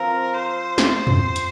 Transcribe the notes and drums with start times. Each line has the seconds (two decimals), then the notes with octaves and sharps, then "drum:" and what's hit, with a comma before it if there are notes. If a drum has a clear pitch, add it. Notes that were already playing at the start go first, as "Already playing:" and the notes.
Already playing: F3 C4 F4 A#4
0.35 C5
0.78 drum: snare
1.07 drum: tom
1.36 drum: hi-hat